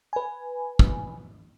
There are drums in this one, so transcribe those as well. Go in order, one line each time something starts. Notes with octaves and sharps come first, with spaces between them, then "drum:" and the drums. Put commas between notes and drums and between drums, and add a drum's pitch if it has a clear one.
B4 G#5
drum: kick